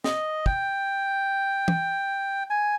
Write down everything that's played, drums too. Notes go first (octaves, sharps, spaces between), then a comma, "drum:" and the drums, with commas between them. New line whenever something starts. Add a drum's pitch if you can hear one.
D#5, drum: snare
G5, drum: kick
drum: tom
G#5